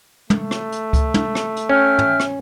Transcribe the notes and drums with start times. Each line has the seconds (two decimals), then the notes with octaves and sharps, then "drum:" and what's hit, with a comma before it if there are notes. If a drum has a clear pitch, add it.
0.30 A3, drum: tom
0.51 drum: rim click
0.72 drum: hi-hat
0.93 drum: kick C#2, hi-hat
1.14 drum: tom
1.35 drum: rim click
1.56 drum: hi-hat
1.69 C#4 E5 G5 F6
1.99 drum: tom
2.20 drum: rim click